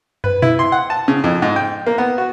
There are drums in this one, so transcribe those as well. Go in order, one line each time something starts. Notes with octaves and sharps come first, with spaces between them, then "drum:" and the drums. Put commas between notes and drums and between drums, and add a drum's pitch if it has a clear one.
B4, drum: tom
E4, drum: tom A#2
C6
F#5
A5
C#3
F2
G#2
G5
A#3
B3
F#4